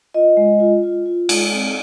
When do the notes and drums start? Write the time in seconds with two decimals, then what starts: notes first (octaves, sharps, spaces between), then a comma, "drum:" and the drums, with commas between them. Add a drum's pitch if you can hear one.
0.14 F4 D#5
0.37 G#3
0.60 F4
0.83 F4
1.06 F4
1.29 G#3, drum: cymbal
1.52 C4